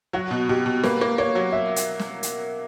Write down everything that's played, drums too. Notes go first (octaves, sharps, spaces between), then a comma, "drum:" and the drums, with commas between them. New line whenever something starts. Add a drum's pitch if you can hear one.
F#3 F#4
B2
B2 G4
B2
A#3 B4, drum: snare
A#3
A#3 C#5
F#3
E5
drum: hi-hat
drum: snare
drum: hi-hat